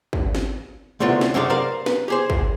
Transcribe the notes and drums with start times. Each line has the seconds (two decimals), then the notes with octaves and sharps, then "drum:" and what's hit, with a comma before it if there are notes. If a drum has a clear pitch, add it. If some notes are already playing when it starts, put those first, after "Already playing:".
0.13 drum: kick
0.35 drum: snare
1.00 D2 A2 C3 A3 B3 F4
1.21 drum: snare
1.34 F#2 C3 G#3 A3 D4 F5
1.50 A#4 C5 D5 F5
1.86 B4, drum: snare
2.08 G4 G#4 C5
2.30 drum: kick